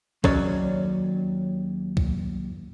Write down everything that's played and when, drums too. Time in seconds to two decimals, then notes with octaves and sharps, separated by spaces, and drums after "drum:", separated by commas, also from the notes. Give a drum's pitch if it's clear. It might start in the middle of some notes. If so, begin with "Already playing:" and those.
0.24 D#2 F#3 C#4 C#5 D5, drum: kick
1.97 drum: kick